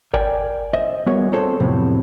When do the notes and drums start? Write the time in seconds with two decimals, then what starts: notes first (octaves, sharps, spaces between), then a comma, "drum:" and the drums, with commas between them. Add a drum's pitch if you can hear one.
0.14 A#4 D5 G5 G#5, drum: kick G1
0.73 C5 D#5 E5
1.06 G3 B3 F#4 G#4 A#4 C#5
1.32 C4 F4 G#4 A4 C5 C#5
1.60 F2 A2 C3 F#3 B3 C4